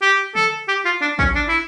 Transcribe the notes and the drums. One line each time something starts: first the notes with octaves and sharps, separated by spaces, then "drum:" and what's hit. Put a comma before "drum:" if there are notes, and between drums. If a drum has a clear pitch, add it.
G4
A4, drum: tom D3
G4
F4
D4
C#4, drum: kick
D4
E4